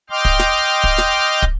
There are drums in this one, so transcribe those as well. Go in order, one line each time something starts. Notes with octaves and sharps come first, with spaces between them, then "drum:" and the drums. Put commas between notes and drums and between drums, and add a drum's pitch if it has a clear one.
D#5 G5 C6 D6 F6
drum: kick
drum: snare
drum: kick
drum: snare
drum: kick